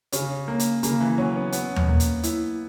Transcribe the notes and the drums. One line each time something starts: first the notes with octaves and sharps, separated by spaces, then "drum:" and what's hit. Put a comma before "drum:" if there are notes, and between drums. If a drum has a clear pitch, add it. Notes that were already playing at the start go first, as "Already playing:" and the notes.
C#3 C#4, drum: hi-hat
A#3
drum: hi-hat
C#3 A#3, drum: hi-hat
E3
F#3 C#4
B3
B3 C#4, drum: hi-hat
drum: tom D#2
A#3
drum: hi-hat
E4, drum: hi-hat